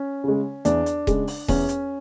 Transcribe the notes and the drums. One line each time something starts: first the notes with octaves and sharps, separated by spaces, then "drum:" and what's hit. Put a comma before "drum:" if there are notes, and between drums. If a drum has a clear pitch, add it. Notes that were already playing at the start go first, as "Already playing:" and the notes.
Already playing: C#4
C#3 G#3
E2 D4, drum: hi-hat
drum: hi-hat
C#3 G#3, drum: kick D#1, hi-hat
drum: open hi-hat
E2 C#4, drum: kick D#1, open hi-hat
drum: hi-hat